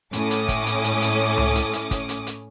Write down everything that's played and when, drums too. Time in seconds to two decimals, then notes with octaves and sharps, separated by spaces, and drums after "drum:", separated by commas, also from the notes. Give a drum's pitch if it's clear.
0.13 A2 C#4 D6 D#6, drum: hi-hat
0.31 drum: hi-hat
0.48 drum: kick, hi-hat
0.66 drum: hi-hat
0.84 drum: hi-hat
1.02 drum: hi-hat
1.37 drum: tom C#2
1.55 drum: hi-hat
1.73 drum: hi-hat
1.91 drum: kick, hi-hat
2.09 drum: hi-hat
2.27 drum: hi-hat